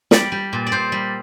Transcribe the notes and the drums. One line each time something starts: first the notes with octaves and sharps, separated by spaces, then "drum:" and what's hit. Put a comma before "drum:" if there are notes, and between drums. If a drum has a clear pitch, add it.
G3 D5, drum: snare
G3
A#2
D5
A#2 C5
G3